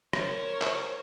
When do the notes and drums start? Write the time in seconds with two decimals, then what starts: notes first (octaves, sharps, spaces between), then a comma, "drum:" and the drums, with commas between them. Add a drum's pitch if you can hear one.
0.13 A#4 C5 C#5, drum: rim click
0.62 drum: clap